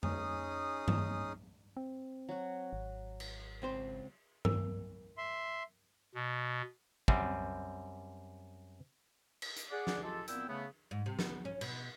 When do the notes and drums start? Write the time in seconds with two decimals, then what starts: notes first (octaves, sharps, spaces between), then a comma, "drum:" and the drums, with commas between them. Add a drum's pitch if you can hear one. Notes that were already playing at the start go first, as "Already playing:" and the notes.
0.03 C#4 D#4 G#4 D#6, drum: tom F2
0.88 drum: tom G2
1.77 C4
2.29 F#3 F#4
2.73 G#1
3.20 drum: cymbal
3.62 C#2 C4 C5
4.45 A#4, drum: tom G2
5.18 E5 C6
6.15 B2
7.08 F#2 G3 C4, drum: kick
9.42 drum: cymbal
9.56 drum: hi-hat
9.71 G#4 D5 F#5
9.87 drum: snare
10.03 G#3 F4 G4 A4
10.27 A#2 B3 C4 E4 G5 E6, drum: hi-hat
10.48 C#3 A3 B3
10.91 G#2
11.06 C3
11.19 B3, drum: snare
11.45 C#4
11.61 B2, drum: cymbal